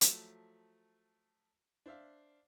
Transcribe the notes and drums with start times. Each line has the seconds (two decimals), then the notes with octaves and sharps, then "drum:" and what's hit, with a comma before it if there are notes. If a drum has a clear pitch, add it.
0.01 F3 F#3 A3, drum: hi-hat
1.86 D4 C5 E5 F5